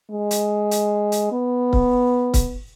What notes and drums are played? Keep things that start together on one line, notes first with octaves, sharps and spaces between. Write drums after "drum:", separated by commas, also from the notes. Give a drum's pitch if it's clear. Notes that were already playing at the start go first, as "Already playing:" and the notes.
G#3
drum: hi-hat
drum: hi-hat
drum: hi-hat
B3
drum: kick C#1
drum: kick C#1, hi-hat